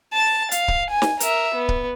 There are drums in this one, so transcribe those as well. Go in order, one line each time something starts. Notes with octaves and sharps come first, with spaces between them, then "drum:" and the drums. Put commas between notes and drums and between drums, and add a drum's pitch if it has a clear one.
A5 A6
F5, drum: hi-hat
drum: kick C#1
G#5
drum: snare
A#4 E5, drum: hi-hat
B3
drum: kick C#1